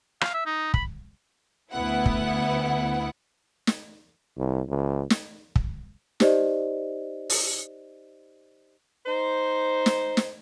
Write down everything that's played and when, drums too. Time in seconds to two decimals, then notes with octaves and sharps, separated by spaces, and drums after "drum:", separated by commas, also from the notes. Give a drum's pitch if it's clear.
0.21 F5, drum: rim click
0.34 E5
0.46 D#4
0.74 B5, drum: kick
1.72 D2 B3 E4 F#5
2.06 drum: kick
3.67 drum: snare
4.37 C2
4.69 C#2
5.10 drum: snare
5.56 drum: kick
6.20 D#4 G4 C5 D5 D#5, drum: snare
7.29 drum: open hi-hat
9.06 D#4 C5
9.86 drum: snare
10.17 drum: snare